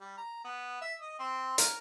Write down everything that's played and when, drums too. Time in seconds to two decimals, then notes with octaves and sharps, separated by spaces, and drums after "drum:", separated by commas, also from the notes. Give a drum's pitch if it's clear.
0.01 G3
0.18 A#5
0.44 B3
0.81 E5
1.01 D#5
1.19 C4
1.58 A#4, drum: hi-hat